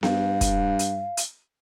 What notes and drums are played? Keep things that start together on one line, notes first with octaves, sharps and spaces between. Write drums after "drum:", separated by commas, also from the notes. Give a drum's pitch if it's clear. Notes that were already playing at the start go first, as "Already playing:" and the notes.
G2 F5, drum: snare B3
drum: kick, hi-hat
drum: hi-hat
drum: hi-hat